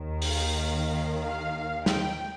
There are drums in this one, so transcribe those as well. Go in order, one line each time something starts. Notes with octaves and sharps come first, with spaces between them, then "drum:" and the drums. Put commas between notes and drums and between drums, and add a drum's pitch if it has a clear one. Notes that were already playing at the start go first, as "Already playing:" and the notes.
Already playing: D#2 D#3
F5, drum: open hi-hat
F5
G5, drum: snare